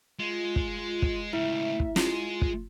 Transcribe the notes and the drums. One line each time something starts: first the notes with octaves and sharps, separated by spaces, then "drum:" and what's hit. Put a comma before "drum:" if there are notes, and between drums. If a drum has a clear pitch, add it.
G#3 F4
drum: kick
drum: kick
C#2 A2 E4 E5
drum: kick
G#3 F4 G#4, drum: snare
drum: kick